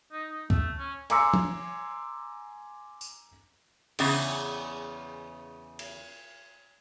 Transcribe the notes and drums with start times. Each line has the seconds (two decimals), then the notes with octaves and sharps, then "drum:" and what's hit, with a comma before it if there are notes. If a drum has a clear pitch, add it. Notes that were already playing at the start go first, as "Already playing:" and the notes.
0.13 D#4
0.30 D#4
0.50 A3, drum: kick
0.78 C#4
1.10 G#5 A#5 C6 D6 E6 C#7, drum: cymbal
1.34 drum: tom F3
3.01 drum: tambourine
3.99 E2 C#3, drum: cymbal
5.79 drum: cymbal